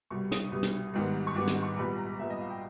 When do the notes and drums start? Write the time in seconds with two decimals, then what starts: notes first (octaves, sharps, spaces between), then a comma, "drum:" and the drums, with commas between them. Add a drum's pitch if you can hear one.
0.10 C2 B2 G3 C#6
0.32 D#6, drum: hi-hat
0.52 C2 B2 G3
0.63 drum: hi-hat
0.93 G#1 G#2 D#3 G3 B3
1.27 C#6
1.35 G#1 G#2 D#3 G3 B3 D6
1.47 drum: hi-hat
1.63 C#6
1.77 A#1 A#2 G3 B3 B5
1.98 A#5
2.19 A#1 A#2 G3 B3 E5
2.30 D#5
2.41 F5
2.50 G5